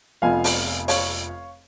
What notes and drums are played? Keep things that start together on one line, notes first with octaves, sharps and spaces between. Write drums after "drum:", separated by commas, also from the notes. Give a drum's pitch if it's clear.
F1 F2 F3 B3 F5 G#5
drum: open hi-hat
C#5 F5, drum: open hi-hat